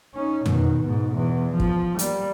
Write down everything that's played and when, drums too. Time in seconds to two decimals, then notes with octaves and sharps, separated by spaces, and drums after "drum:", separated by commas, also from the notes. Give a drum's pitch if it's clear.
0.15 C#4 D#4
0.46 B2 D#3, drum: tom F2
0.83 G#2 B2
1.15 E2 B2
1.51 F3
1.60 drum: kick
1.99 G3 A#3, drum: hi-hat